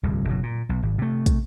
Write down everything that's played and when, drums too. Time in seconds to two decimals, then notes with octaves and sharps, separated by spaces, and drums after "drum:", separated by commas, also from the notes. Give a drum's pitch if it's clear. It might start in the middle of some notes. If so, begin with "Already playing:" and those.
0.03 D1 C2 G2
0.28 F#1 B2 F#3
0.43 A#2
0.69 B1
0.83 G#1
0.98 C3 A3
1.26 drum: kick, hi-hat